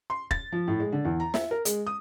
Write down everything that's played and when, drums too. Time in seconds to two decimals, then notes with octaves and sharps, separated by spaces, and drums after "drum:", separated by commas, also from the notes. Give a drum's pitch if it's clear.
0.10 C6
0.31 A6, drum: kick E1
0.52 F3
0.68 A2
0.80 G#3
0.92 D3
1.05 E2
1.20 A#5
1.34 E5, drum: snare
1.51 A#4
1.65 G#3, drum: hi-hat
1.87 D#6